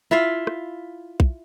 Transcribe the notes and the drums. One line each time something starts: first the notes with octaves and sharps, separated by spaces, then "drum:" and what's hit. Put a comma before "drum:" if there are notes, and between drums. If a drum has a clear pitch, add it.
E4 F4 E5 F5
drum: rim click
drum: kick